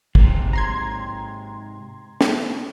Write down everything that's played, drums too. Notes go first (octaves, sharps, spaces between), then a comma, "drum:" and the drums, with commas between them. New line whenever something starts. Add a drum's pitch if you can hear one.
G#2 C3, drum: kick
A#5 C6 G#6
drum: snare